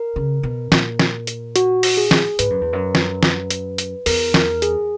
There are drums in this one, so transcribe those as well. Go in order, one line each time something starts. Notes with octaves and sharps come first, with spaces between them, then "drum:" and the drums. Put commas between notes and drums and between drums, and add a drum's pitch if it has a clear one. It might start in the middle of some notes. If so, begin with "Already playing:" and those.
Already playing: A#4
C#3
B2
A#2, drum: snare
drum: snare
drum: hi-hat
F#4, drum: hi-hat
drum: open hi-hat
G#4
drum: snare
G#2 B4, drum: hi-hat
F#2
E2
F#2
drum: snare
drum: snare
drum: hi-hat
drum: hi-hat
E2 A#4, drum: open hi-hat
A#4, drum: snare
G#4, drum: hi-hat